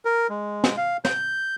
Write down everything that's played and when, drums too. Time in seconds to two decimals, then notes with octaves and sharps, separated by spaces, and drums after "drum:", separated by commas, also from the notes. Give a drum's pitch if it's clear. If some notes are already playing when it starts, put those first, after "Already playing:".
0.05 A#4
0.30 G#3
0.64 drum: snare
0.77 F5
1.05 G6, drum: snare